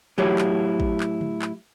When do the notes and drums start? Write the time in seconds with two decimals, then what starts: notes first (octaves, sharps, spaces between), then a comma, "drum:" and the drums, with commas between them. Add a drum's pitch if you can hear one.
0.18 A2 F#3 E4 F#4 G4 C#5
0.38 drum: clap
0.80 drum: kick
1.00 drum: clap
1.21 drum: tom D3
1.42 drum: clap